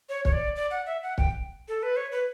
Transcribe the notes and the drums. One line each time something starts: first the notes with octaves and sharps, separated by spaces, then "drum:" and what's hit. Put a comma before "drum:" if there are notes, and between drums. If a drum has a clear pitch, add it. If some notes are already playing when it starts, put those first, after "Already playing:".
C#5
C#5, drum: kick
D5
D5
F#5
E5
F#5
G5, drum: kick
A4
B4
C#5
B4